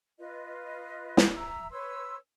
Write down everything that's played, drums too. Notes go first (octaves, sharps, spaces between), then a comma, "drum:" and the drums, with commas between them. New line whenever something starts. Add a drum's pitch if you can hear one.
F4 B4 D#5
drum: snare
E5 A#5 E6
B4 C#5 C6 E6